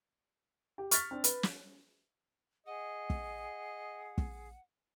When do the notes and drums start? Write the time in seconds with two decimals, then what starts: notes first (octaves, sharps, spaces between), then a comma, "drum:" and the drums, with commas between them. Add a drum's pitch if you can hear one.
0.78 G4
0.91 C#6 F6 A6 B6, drum: hi-hat
1.11 C4 D4
1.24 B4, drum: hi-hat
1.43 drum: snare
2.66 G#4 D#5 F#5
3.10 drum: kick
4.18 drum: kick